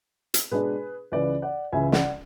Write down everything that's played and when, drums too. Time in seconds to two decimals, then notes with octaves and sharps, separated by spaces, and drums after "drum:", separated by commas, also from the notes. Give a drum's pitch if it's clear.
0.34 drum: hi-hat
0.51 B2 G#3 B3 D4 G#4 B4
1.12 C#2 C#3 E3 B4 D5
1.42 D5 F#5
1.72 C#2 C#3 E3 E5 G#5
1.92 D5 F#5, drum: snare